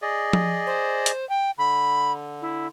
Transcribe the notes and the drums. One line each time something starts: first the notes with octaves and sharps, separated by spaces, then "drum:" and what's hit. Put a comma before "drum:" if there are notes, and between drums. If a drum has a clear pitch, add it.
G#4 D5 D#5
drum: tom F3
C5
drum: hi-hat
G5
D3 B5
E4